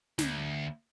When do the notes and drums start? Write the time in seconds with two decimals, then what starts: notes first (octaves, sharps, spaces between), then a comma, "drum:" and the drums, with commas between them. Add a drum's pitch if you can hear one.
0.19 D2, drum: snare